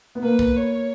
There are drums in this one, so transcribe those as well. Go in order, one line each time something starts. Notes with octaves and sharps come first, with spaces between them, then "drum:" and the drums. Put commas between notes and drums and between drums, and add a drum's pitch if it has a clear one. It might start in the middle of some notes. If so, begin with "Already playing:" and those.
B3
A#3 B4
drum: kick
C#5